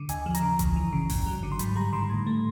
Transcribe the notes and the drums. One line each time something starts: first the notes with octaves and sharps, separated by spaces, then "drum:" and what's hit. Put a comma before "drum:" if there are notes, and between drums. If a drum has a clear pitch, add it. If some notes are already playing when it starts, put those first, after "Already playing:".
Already playing: D3
D#2 G#5, drum: hi-hat
F3
A#5, drum: hi-hat
C#3
D2, drum: kick G1, hi-hat
E3
C#3
G2, drum: kick G1, open hi-hat
F#3
D3
C6
G#2 B5, drum: hi-hat
G3 A#5
D#3 C6
A2
A3